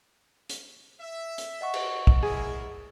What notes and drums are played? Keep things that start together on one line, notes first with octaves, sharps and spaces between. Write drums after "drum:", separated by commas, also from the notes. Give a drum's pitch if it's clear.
drum: hi-hat
E5
drum: hi-hat
D#5 F#5 C#6
drum: cymbal
drum: kick
G#3 A#3 E4 G#4